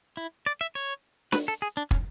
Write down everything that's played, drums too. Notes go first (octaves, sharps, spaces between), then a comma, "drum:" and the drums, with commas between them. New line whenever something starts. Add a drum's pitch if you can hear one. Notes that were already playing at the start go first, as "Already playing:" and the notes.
E4
D5
E5
C#5
B4, drum: snare
A4
G#4
D4
C#4, drum: kick